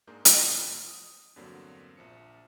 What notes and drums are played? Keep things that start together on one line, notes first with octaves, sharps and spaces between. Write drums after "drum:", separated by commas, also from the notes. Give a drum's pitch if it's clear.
G#2 A#3 D4 G#4 A#4 G6
F#2 C3 F3, drum: hi-hat
D#6
E2 G2 D3 F#3 A#3 C4
A#1 F3 C#7